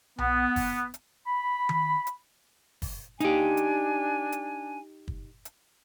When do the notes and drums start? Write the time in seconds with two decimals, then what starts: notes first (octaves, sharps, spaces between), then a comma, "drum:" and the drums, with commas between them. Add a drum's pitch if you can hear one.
0.18 B3, drum: tom B1
0.56 drum: kick, open hi-hat
0.94 drum: hi-hat
1.27 B5
1.69 drum: tom D#3
2.07 drum: hi-hat
2.82 drum: kick, open hi-hat
3.20 D4 D#4 G4 G#5, drum: hi-hat
3.57 drum: hi-hat
4.32 drum: hi-hat
5.08 drum: kick
5.45 drum: hi-hat